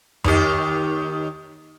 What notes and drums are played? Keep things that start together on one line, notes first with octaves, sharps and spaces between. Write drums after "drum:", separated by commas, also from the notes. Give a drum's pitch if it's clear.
D#2 D#3 G4, drum: tom F2